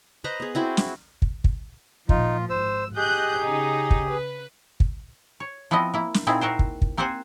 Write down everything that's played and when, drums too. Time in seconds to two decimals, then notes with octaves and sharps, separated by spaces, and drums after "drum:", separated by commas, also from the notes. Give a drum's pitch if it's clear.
0.24 B4 C5 D#5 A#5
0.40 B3 G#4
0.55 C4 E4 F#4 G#4
0.77 drum: snare
1.22 drum: kick
1.44 drum: kick
2.09 A#2 F3 D#4 F4, drum: kick
2.50 G#1 C5 E6
2.96 G4 G#4 D#5 F#6 G6
3.39 C#3 D#4
3.91 drum: kick
4.10 B4
4.80 drum: kick
5.40 C#5
5.71 F3 B3 C4 E4 D#5
5.94 A#3 E4
6.14 drum: snare
6.27 A#2 C4 D#4 E4 G#4
6.41 C4 F#4 A#4 C5
6.59 drum: kick
6.82 drum: kick
6.97 A#3 C4 G4 C5 F#5 G#5